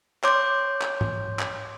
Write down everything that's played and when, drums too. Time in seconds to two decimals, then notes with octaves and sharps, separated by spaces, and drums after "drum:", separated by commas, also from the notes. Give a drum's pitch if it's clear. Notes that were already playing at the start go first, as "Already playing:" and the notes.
0.24 C#5 C6 D6 G6, drum: clap
0.82 drum: clap
1.01 drum: tom G#2
1.39 drum: clap